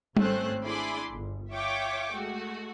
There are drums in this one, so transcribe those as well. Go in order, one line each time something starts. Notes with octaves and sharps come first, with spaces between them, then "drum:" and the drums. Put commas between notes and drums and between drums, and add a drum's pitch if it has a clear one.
G#1 A3 C4 C#4 C5 F#6, drum: tom G3
D4 E4 G#4 B5 C6 D6
G1
F4 C#5 E5 G5 C#6 D6
G#3 A3 F#4